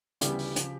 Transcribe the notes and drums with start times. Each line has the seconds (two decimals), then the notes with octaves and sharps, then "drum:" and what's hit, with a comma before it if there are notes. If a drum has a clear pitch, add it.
0.21 D2 C#3 E3 G3 B3 G4, drum: hi-hat
0.39 drum: open hi-hat
0.56 C#3 F3 G4, drum: hi-hat